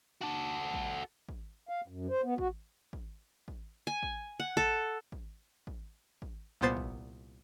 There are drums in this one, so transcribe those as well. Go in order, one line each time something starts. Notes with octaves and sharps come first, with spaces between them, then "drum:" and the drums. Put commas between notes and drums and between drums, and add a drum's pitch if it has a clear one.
F#4 A4
drum: kick
drum: kick
F5
F#2
C5
B3
F#4, drum: kick
drum: kick
drum: kick
G#5
drum: kick
F#5
A4, drum: kick
drum: kick
drum: kick
drum: kick
C2 A#2 B3 C5 A6 C7
drum: kick